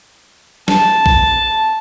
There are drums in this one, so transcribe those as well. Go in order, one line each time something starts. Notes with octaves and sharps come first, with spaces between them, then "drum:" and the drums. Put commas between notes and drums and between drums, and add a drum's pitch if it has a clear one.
A5, drum: snare
drum: kick A#1